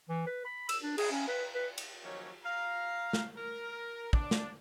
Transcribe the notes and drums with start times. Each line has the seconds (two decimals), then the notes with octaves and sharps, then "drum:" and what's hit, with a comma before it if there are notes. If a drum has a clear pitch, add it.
0.09 E3
0.27 B4
0.45 B5
0.69 E6, drum: cymbal
0.83 D4
0.98 G#4, drum: cymbal
1.12 C#4
1.28 B4
1.55 B4
1.78 drum: cymbal
2.03 D#3 F3 F#3 A#3 C#4 C#5
2.44 F5 A#5
3.13 drum: snare
3.36 A#4
4.13 D4, drum: kick
4.31 drum: snare